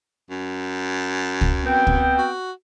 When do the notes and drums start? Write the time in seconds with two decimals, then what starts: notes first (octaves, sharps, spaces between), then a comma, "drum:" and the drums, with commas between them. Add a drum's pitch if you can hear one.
0.30 F#2
1.41 drum: kick
1.64 B3 C4 G5
1.87 drum: kick
2.18 F#4